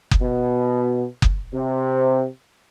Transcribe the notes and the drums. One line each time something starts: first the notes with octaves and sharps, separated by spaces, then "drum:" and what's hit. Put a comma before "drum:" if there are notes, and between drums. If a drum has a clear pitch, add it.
drum: kick F#1
B2
drum: kick F#1
C3